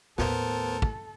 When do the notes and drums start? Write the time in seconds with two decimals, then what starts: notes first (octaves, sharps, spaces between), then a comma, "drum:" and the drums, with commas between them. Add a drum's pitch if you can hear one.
0.18 D#2 A2 B3 A4 A#4 C5, drum: snare
0.82 drum: kick